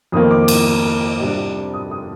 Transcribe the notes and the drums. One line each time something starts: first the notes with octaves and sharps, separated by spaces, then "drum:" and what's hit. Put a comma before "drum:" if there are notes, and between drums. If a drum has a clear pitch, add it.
F2 D#3 A#3 D#6
D6
D6, drum: cymbal
C3 G3 D4
D#6
D#6